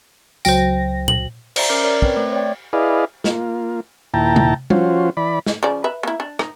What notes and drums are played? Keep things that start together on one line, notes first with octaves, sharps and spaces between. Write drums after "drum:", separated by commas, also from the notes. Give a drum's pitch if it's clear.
C#2 F#3 C5 G5 A#6, drum: tambourine
F#7, drum: tom A#2
C5 D5 E5 A#5, drum: cymbal
C#4 A#4 D6 F6 G6 C7
A#4 C#5 D5
C4 B4 C#5, drum: kick
A3 C5
C#5 D5 G5
E4 G#4 B4 D5 D#5 F5
A#3 F4, drum: snare
D#2 A#2 E4 G5 A5 A#5
drum: tom
F3 C#4 F4 F#4 C5, drum: tom G3
E3 D5 B5
drum: snare
C#3 F3 D5
B4 E5
A#3 E4
D4
D#4, drum: rim click